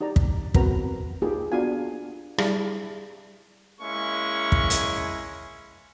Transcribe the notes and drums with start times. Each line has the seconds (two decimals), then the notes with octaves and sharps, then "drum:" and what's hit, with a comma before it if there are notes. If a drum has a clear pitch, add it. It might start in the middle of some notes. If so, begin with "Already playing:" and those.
0.01 D#4 G4 D5 A#5
0.16 drum: kick
0.54 B3 C4 F#4 A#4 B4 A#5, drum: kick
1.22 A#3 D#4 F4 G4 G#4
1.52 B3 D4 F4 F#4 F5 G#5
2.38 G3 E4 G#4 D5 F5 A5, drum: rim click
3.80 G#3 A#3 C#4 E4 C#6
4.52 drum: kick
4.70 drum: hi-hat